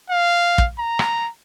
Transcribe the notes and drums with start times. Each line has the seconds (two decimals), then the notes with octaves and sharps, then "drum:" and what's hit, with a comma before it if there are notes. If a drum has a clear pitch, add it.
0.10 F5
0.58 drum: kick
0.79 A#5
0.99 drum: rim click